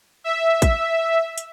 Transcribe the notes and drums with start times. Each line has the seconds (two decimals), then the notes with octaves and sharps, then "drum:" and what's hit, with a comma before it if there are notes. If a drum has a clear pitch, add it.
0.24 E5
0.62 drum: kick, hi-hat
1.38 drum: hi-hat